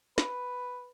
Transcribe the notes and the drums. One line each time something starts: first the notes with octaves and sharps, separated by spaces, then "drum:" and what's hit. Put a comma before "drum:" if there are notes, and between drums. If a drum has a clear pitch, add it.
B4, drum: snare